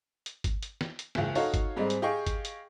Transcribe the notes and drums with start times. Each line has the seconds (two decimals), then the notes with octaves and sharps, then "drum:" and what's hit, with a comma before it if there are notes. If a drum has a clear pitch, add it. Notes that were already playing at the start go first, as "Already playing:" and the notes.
0.26 drum: hi-hat
0.44 drum: kick G1, hi-hat
0.63 drum: hi-hat
0.81 drum: snare
0.99 drum: hi-hat
1.15 F#1 C#2, drum: snare
1.35 D#4 F#4 A4 C#5 F5, drum: open hi-hat
1.54 drum: kick G1, hi-hat
1.76 G#2 G3 G#3 C4 D#4
1.90 drum: hi-hat
2.02 G4 G#4 D#5 F5 G5 C#6
2.27 drum: kick G1, hi-hat
2.45 drum: hi-hat